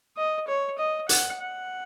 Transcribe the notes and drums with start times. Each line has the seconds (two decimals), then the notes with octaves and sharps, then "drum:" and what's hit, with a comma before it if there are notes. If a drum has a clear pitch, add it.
0.17 D#5
0.48 C#5
0.78 D#5
1.09 F#5, drum: hi-hat
1.41 F#5